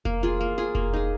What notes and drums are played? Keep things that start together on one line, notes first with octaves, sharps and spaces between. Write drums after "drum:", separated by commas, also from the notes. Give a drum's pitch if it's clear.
A#3, drum: kick F1
F4 G#4
A#3
F4 G#4
A#3, drum: kick F1
D#4 G#4